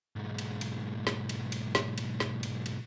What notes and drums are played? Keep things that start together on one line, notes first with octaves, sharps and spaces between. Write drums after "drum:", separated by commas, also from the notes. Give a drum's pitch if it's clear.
B1 G#2
drum: cymbal
drum: cymbal
drum: snare
drum: cymbal
drum: cymbal
drum: snare
drum: cymbal
drum: snare
drum: cymbal
drum: cymbal